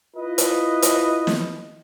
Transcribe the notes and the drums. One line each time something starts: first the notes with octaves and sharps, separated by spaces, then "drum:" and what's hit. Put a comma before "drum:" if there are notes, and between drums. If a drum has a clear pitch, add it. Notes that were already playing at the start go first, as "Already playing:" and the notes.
E4 F4 B4 D#5
drum: hi-hat
drum: hi-hat
drum: snare